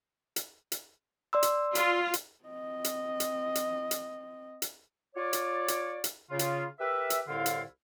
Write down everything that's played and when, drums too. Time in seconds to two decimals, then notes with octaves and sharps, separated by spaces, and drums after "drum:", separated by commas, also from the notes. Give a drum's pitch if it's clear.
0.36 drum: hi-hat
0.72 drum: hi-hat
1.33 D5 C6 E6
1.43 drum: hi-hat
1.75 F4, drum: hi-hat
2.14 drum: hi-hat
2.45 C4 D#5
2.84 drum: hi-hat
3.20 drum: hi-hat
3.55 drum: hi-hat
3.91 drum: hi-hat
4.62 drum: hi-hat
5.15 F4 C#5 D5
5.33 drum: hi-hat
5.68 drum: hi-hat
6.04 drum: hi-hat
6.30 C#3 F4
6.39 drum: hi-hat
6.79 G4 A#4 B4 E5
7.10 drum: hi-hat
7.27 C2 A2 D3 E4 F4 F5
7.46 drum: hi-hat